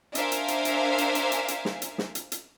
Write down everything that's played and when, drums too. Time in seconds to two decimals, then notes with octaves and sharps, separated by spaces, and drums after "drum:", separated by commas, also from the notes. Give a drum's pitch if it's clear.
0.15 D4 A#4 C5 E5 F5 G#5, drum: hi-hat
0.32 drum: hi-hat
0.48 drum: hi-hat
0.65 drum: hi-hat
0.98 drum: hi-hat
1.15 drum: hi-hat
1.32 drum: hi-hat
1.48 drum: hi-hat
1.65 drum: snare
1.82 drum: hi-hat
1.98 drum: snare
2.15 drum: hi-hat
2.32 drum: hi-hat